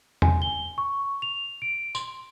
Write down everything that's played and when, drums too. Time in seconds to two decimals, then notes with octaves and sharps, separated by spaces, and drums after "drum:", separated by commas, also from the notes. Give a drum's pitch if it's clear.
0.22 G#5, drum: tom E2
0.42 G7
0.78 C#6
1.22 F7
1.62 D7
1.95 C6, drum: tambourine